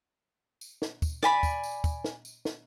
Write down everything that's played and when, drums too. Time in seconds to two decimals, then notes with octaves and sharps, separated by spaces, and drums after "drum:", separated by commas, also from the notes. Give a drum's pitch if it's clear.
0.61 drum: tambourine
0.82 drum: snare
1.02 drum: kick, tambourine
1.23 D5 G#5 B5, drum: snare
1.43 drum: kick, tambourine
1.64 drum: tambourine
1.84 drum: kick, tambourine
2.04 drum: snare
2.25 drum: tambourine
2.45 drum: snare